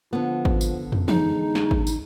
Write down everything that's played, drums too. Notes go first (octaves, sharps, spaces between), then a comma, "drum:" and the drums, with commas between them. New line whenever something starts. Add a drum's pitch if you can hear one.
D3 F3 B3
drum: kick G#1
drum: tambourine
drum: tom
G#3 D#4, drum: tom E3
drum: snare
drum: kick G#1
drum: tambourine